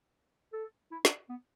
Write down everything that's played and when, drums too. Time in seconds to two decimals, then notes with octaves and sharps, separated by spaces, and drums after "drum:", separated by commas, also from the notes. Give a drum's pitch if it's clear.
0.53 A4
0.92 E4
1.05 D4, drum: snare
1.29 B3